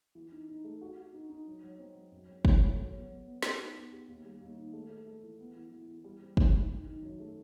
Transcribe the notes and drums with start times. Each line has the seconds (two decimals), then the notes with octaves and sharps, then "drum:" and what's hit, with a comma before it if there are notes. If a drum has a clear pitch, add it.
0.15 E3
0.32 D#4
0.49 D#4
0.64 A3
0.81 F#4
0.97 F#4
1.13 D#4
1.30 D#4
1.47 F#3
1.63 F#3
1.79 C4
1.96 F#3
2.12 F#2
2.28 F#3
2.45 F#3, drum: kick
2.61 A3
2.78 F#3
2.94 B3
3.10 F#3
3.27 B3
3.43 B3, drum: snare
3.59 D#4
3.76 B3
3.92 G4
4.08 D#2
4.24 G3
4.40 D#2
4.58 D#3
4.73 A3
4.90 A3
5.06 A3
5.23 E3
5.39 B3
5.56 E3
5.72 E3
5.88 E3
6.04 G3
6.22 C4
6.37 C4, drum: kick
6.54 D#4
6.71 D#3
6.87 D#3
7.02 F#2
7.20 A3